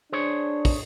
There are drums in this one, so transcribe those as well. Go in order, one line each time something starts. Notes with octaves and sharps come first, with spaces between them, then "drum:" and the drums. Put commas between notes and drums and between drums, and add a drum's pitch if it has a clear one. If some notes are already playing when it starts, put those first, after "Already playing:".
D4 G#4 C5 C#5
drum: kick, open hi-hat